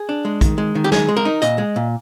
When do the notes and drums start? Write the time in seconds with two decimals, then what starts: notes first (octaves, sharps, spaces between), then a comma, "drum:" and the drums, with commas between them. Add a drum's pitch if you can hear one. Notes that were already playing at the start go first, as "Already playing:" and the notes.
Already playing: G#4
0.09 D4
0.25 G#3
0.41 D#3, drum: kick A#1, hi-hat
0.58 G#3
0.75 D#3
0.84 G4
0.92 G#3 G#4, drum: snare
1.09 G#3
1.17 A#4
1.25 D#4
1.42 A#2 D#5, drum: hi-hat
1.58 G#3
1.76 A#2